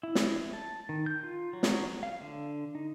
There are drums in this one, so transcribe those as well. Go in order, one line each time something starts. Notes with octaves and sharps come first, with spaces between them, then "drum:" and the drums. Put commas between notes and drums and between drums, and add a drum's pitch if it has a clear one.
E4
drum: snare
A5
D#3
G6
F4
F#3
drum: snare
F5
D3
D#4